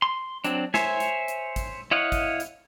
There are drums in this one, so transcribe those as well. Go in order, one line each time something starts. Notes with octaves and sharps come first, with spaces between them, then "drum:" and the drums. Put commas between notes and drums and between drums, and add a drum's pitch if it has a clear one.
C6
F#3 C4 D4, drum: hi-hat
C5 C#5 E5 G#5, drum: snare
drum: hi-hat
drum: hi-hat
drum: kick G#1, hi-hat
E4 C#5 D#5 F5 F#5
drum: kick G#1, hi-hat
drum: hi-hat